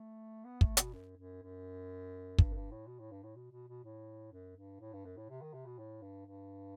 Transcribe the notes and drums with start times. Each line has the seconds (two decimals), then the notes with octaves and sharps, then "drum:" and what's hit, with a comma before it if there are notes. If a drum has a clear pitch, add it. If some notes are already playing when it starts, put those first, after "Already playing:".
Already playing: A3
0.45 B3
0.61 A3, drum: kick
0.77 B2, drum: hi-hat
0.93 F#2
1.17 F#2
1.42 F#2
2.38 G2, drum: kick
2.51 F#2
2.55 G2
2.71 A2
2.87 B2
2.99 A2
3.11 G2
3.23 A2
3.36 B2
3.52 B2
3.68 B2
3.84 A2
4.32 F#2
4.56 G2
4.80 A2
4.93 G2
5.05 F#2
5.17 A2
5.29 C3
5.42 D#3
5.53 C3
5.66 B2
5.78 A2
6.02 G2
6.26 G2